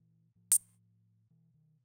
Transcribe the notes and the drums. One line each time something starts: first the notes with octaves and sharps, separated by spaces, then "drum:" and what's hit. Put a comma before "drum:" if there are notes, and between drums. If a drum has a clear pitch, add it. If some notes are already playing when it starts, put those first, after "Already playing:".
Already playing: A#2 E3
A2 F3
drum: hi-hat
B2 E3
D#3